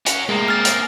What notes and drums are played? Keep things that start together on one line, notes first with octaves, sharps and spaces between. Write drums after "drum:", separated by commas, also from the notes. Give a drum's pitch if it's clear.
C#4 F#4, drum: hi-hat
A2 C3 G#3 A#3
C4 G#4 F6 A6
drum: hi-hat